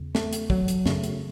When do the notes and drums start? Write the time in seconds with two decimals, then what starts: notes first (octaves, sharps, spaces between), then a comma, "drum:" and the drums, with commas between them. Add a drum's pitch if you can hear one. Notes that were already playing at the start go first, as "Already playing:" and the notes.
Already playing: E2 C#3
0.15 A3, drum: snare
0.33 drum: hi-hat
0.50 F#3, drum: kick
0.68 drum: hi-hat
0.86 F#2 C#3 A3, drum: snare
1.04 drum: hi-hat